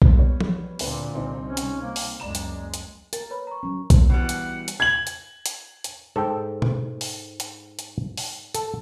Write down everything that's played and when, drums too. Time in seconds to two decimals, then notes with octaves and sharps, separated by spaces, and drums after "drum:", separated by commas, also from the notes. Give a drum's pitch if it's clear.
0.02 drum: kick B1
0.17 G3 B3 C#5
0.41 drum: tom F3
0.79 D2 A#2 D3 C4 B4, drum: open hi-hat
1.15 C2 C4 D#4
1.47 C#4
1.57 drum: hi-hat
1.82 A#3
1.96 drum: open hi-hat
2.20 F#1 C#2 G#3 D5 A#5 E7
2.35 drum: hi-hat
2.74 drum: hi-hat
3.13 A#4 A6, drum: hi-hat
3.30 B4 C#5 B5
3.47 A#5 C#6
3.63 F#3 C#4
3.90 drum: kick B1, hi-hat
4.10 B2 E3 G3 F#5
4.29 drum: hi-hat
4.68 drum: hi-hat
4.80 G#6 F#7
5.07 drum: hi-hat
5.46 drum: hi-hat
5.84 drum: hi-hat
6.16 G#2 A4 G5
6.62 drum: tom B2
7.01 drum: open hi-hat
7.40 drum: hi-hat
7.79 drum: hi-hat
8.17 drum: open hi-hat
8.55 A4, drum: hi-hat